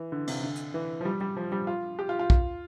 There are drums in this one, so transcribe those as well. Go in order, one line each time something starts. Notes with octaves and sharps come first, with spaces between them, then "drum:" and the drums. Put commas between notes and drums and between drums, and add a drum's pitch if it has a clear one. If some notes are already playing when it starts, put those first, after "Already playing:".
Already playing: E3
D3
C3, drum: cymbal
D3
drum: hi-hat
E3
F3
G3
G3
F3
G3
F4
G4
F4
F4
drum: kick